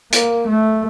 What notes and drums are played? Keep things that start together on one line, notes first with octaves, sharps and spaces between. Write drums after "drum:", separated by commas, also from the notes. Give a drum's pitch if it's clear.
A#3, drum: hi-hat
A3